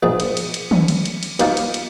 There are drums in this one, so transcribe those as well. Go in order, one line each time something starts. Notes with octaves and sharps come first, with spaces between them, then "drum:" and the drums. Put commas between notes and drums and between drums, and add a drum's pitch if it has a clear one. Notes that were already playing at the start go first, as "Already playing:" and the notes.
A#1 G#2 D#3 G#3
drum: cymbal
drum: cymbal
drum: cymbal
drum: tom
drum: cymbal
drum: cymbal
drum: cymbal
D#2 D#3 A#3 F4 C5, drum: cymbal
drum: cymbal
drum: cymbal